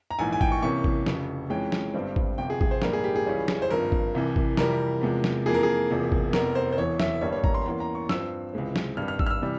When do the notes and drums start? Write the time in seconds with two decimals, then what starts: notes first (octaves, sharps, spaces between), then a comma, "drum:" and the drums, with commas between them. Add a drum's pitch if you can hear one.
0.11 A#5
0.19 A#1 G#2 E3 G#5
0.33 G#5
0.41 G5, drum: kick G#1
0.52 C#6
0.62 C2 C3 E3 A#3 C#4 C#6
0.84 drum: kick G#1
1.06 F1 F2 C#3, drum: snare
1.50 F2 E3 G#3 C#4 G5
1.72 drum: snare
1.94 G1 G2 G3 C4
2.16 drum: kick G#1
2.38 G1 F2 C3 G5
2.50 G#4
2.61 G#4, drum: kick G#1
2.71 C5
2.82 A#1 G#2 G3 A#3 A#4, drum: snare
2.93 G#4
3.04 G4
3.16 G#4
3.26 C#2 C#3 E3 G3 C#4
3.48 drum: snare
3.62 C5
3.70 G#1 G2 F3 A#4
3.92 drum: kick G#1
4.15 C2 C3 E3
4.36 drum: kick G#1
4.57 F2 C3 E3 G3 A#4, drum: snare
5.02 E2 C3 F3 G#3
5.24 drum: snare
5.46 F2 E3 A#3 G#4
5.54 A#4
5.63 G#4
5.90 E1 E2 C3 F3 A#3
6.12 drum: kick G#1
6.33 F1 E2 C3 A#4, drum: snare
6.55 C5
6.73 C5
6.77 E1 E2 E3 C#5
7.00 E5, drum: snare
7.21 G1 G2 G3 A#3 C#5
7.32 C#5
7.44 A#5, drum: kick G#1
7.54 C6
7.62 A#5
7.66 E2 E3 A#3 C#4 C6
7.80 A#5
7.95 C#6
8.09 G2 F3 C4 E6, drum: snare
8.54 C#2 C3 E3 G#3 C4
8.76 drum: snare
8.97 G#1 G2 G3 F6
9.08 F6
9.19 E6, drum: kick G#1
9.26 F6
9.30 E6
9.42 C3 E3 G3